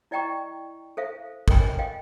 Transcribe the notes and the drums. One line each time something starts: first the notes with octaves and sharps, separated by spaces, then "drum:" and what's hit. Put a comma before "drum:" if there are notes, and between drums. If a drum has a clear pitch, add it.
E4 D5 D#5 G5 A#5 C#6
A4 C5 E5 F5
A4 A#4 D#5 G5 G#5 B5, drum: kick
D#5 F5 G5